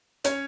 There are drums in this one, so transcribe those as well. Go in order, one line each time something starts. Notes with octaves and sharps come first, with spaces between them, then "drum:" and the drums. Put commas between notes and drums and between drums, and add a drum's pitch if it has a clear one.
C#4 C#5, drum: hi-hat